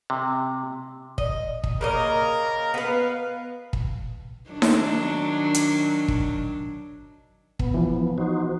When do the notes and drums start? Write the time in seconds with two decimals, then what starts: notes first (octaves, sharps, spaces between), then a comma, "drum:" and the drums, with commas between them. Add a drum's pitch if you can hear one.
0.10 C3
1.18 D#5, drum: kick
1.64 drum: kick
1.81 C#3 A#3 A#4 D#5
2.74 B3 B4 F5
3.73 drum: kick
4.50 D#3 F#3 D4
4.62 drum: snare D#4
5.54 drum: hi-hat
6.08 drum: kick
7.59 B3, drum: kick
7.74 E3 F3
8.18 D#4 F#4 C5